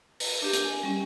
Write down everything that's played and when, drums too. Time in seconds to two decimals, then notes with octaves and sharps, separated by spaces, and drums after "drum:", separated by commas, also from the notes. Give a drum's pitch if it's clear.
0.20 B4, drum: open hi-hat
0.42 D4 G4
0.53 drum: hi-hat
0.64 G#5
0.83 G3 C#4